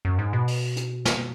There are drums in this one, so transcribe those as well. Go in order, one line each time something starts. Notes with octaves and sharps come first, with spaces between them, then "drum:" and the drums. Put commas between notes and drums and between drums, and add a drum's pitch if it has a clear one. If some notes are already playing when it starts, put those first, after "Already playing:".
F#2
G#2
B2
drum: open hi-hat
drum: hi-hat
drum: snare